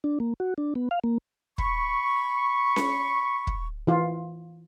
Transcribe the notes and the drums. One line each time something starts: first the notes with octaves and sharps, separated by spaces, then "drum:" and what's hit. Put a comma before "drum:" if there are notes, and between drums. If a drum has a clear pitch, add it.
D4
A#3
F#4
D4
B3
F5
A#3
B5 C#6, drum: kick
drum: snare C#4
drum: kick
E3 F4